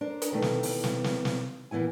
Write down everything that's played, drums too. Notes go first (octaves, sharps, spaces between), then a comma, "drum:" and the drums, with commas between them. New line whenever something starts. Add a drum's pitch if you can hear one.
D4 A#4 C5
drum: hi-hat
B2 D#3 E3 A3
drum: snare
drum: open hi-hat
drum: snare
drum: snare
drum: snare
A#2 E3 B3 E4 G#5